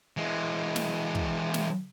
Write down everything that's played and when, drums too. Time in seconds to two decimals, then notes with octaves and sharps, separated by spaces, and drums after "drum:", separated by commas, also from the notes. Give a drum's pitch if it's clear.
0.17 E3 G#3
0.76 drum: snare
1.15 drum: kick
1.54 drum: snare